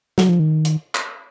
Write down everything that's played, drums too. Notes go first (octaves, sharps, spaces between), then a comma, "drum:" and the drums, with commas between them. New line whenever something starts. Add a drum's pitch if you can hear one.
F#3, drum: snare
F3
D#3
drum: hi-hat
drum: clap